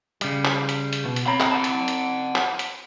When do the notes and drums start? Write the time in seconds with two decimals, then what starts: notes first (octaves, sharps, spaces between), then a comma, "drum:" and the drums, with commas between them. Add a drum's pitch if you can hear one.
0.21 C#3 G3, drum: hi-hat
0.45 drum: clap
0.69 drum: hi-hat
0.93 drum: hi-hat
1.05 B2
1.16 drum: hi-hat
1.27 C4 C#5 A#5 B5
1.40 drum: clap
1.52 F#5 A5
1.64 drum: hi-hat
1.88 drum: hi-hat
2.35 drum: clap
2.59 drum: hi-hat